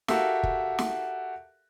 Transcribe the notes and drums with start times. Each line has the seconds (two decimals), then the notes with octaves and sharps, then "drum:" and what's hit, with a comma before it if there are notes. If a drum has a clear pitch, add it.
0.08 F#4 G4 A4 A#4 E5 F5, drum: snare
0.43 drum: kick
0.79 drum: snare